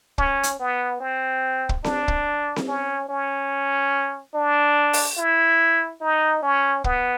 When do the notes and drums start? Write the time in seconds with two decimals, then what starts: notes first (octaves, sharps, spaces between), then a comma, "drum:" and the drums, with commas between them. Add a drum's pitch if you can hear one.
0.18 C#4, drum: kick
0.43 drum: hi-hat
0.59 B3
1.00 C4
1.69 drum: kick
1.84 D4, drum: snare C4
2.08 drum: kick
2.56 drum: snare C4
2.68 C#4
3.09 C#4
4.34 D4
4.93 drum: open hi-hat
5.18 E4
6.01 D#4
6.42 C#4
6.84 B3, drum: kick